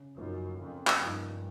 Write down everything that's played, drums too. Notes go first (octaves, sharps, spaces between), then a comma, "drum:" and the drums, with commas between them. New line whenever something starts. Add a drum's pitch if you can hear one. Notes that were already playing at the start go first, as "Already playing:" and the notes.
Already playing: C#3
F#2 F3 A#3 D#4
F2 C#3
drum: clap
G2 F3 A#3 D#4